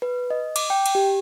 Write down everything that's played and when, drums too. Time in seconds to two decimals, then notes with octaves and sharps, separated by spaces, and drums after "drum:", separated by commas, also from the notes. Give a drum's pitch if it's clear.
0.02 B4
0.30 D#5
0.56 D6, drum: cymbal
0.70 G5
0.86 drum: cymbal
0.95 G4